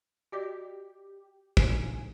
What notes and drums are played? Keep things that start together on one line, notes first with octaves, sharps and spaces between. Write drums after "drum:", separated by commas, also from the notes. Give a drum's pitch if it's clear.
F#4 G4 D5 D#5
A1 A#2 D4 D#4 G#5, drum: kick